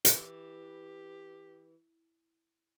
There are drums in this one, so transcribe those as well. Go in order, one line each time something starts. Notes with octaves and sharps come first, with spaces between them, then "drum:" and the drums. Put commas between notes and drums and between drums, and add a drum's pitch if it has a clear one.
drum: hi-hat
E3 G4